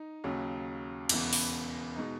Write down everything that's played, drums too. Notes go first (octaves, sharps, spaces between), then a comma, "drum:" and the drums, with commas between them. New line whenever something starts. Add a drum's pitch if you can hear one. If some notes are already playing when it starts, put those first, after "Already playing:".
Already playing: D#4
D#2 C#3 F#3
E1 E2 C#3 E3 B3, drum: cymbal
drum: open hi-hat
B2 G#3 D#4